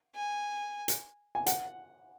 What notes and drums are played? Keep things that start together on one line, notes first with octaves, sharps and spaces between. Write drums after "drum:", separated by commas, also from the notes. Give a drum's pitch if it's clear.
G#5
drum: hi-hat
G#5
F#5, drum: hi-hat